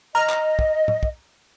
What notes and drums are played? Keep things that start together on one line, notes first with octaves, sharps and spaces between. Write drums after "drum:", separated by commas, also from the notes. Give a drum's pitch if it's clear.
D#5 A#5 F6
drum: clap
drum: kick
drum: tom
drum: kick